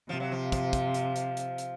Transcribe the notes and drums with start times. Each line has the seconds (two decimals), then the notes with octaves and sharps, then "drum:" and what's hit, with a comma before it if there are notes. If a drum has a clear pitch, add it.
0.09 C3 F3
0.20 F#3
0.32 F3
0.52 F3, drum: kick, hi-hat
0.73 drum: kick, hi-hat
0.94 drum: hi-hat
1.16 drum: hi-hat
1.37 drum: hi-hat
1.58 drum: hi-hat